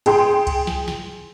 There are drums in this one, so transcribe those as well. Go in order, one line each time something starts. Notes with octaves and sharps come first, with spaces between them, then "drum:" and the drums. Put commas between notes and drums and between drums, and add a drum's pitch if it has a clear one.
G#4 G5 C6, drum: cymbal
drum: kick C2, cymbal
drum: snare
drum: snare